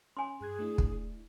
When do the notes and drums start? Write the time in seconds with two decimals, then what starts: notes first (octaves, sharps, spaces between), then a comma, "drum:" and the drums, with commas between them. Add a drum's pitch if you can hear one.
0.17 C#4 G#5 C6
0.41 G2 G#4 F#6 G#6
0.59 A3 D4 E4
0.78 drum: kick